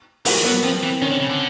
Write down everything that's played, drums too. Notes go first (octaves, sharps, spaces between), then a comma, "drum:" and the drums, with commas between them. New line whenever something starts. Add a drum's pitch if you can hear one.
F#3 A#3, drum: open hi-hat
F3
F#3 B3
F3 C4
E3
D#3 C#4
D3
C#3
D3